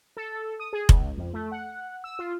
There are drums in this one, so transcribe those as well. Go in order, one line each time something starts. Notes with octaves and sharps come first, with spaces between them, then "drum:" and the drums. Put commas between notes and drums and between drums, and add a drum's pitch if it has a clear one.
A4
D#6
G#4
C#2, drum: kick F1
F2
A3
F#5
E6
F4